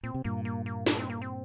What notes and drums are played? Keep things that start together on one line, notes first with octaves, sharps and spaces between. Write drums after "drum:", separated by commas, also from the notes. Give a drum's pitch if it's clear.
A#2 C4
C3
G2 A#2 A#3
A#3
A#3
D4, drum: snare
C4
A#3
C4